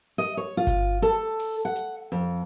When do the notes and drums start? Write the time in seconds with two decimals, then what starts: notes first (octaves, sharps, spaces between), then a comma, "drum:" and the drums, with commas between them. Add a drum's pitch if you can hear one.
0.18 D#5
0.37 C#5
0.57 F4
0.67 drum: kick G1, hi-hat
1.02 A4, drum: hi-hat
1.39 drum: open hi-hat
1.65 F#5
1.76 drum: hi-hat
2.12 F2